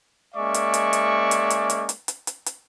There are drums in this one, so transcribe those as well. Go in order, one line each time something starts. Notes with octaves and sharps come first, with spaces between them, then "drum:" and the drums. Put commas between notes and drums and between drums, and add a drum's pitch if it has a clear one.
G#3 A#3 C#4 D5 E5 C#6
drum: hi-hat
drum: hi-hat
drum: hi-hat
drum: hi-hat
drum: hi-hat
drum: hi-hat
drum: hi-hat
drum: hi-hat
drum: hi-hat
drum: hi-hat